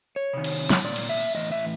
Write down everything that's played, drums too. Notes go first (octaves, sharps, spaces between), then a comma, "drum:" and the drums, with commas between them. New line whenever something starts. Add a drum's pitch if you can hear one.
C#5
C3 D#3
drum: cymbal
drum: snare
A#2 D5
drum: cymbal
E5
A2 E3 D#5
E5